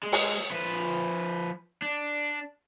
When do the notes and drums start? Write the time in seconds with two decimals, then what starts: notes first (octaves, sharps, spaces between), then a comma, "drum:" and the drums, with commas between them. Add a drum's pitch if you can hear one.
0.03 G#3
0.12 drum: open hi-hat
0.51 F3 B4
1.82 D4